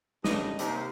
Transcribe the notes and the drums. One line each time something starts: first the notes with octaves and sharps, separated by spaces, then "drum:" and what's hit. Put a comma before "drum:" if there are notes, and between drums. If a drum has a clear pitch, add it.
D2 G2 C#3 D#4 D5 D#5, drum: snare
D#2 C3, drum: hi-hat